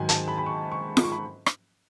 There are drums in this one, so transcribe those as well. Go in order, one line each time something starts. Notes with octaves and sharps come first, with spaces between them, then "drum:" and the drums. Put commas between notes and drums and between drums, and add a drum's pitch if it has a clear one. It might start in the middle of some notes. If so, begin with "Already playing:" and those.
Already playing: G#2 D#3 F#3 G#5
A5, drum: hi-hat
B5
B5
C#6
C#6
B5, drum: snare F4
C#6
B5
drum: rim click